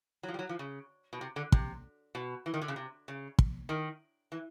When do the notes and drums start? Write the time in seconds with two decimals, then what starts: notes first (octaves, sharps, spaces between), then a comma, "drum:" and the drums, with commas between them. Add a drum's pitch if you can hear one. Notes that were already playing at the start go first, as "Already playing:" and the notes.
0.23 F#3
0.28 F3
0.34 G3
0.39 F#3
0.49 F3
0.59 C#3
1.13 B2
1.21 C3
1.36 D3
1.52 C3, drum: kick
2.15 B2
2.46 E3
2.54 D#3
2.62 D3
2.68 C#3
2.76 C3
3.08 C#3
3.39 drum: kick
3.69 D#3
4.32 E3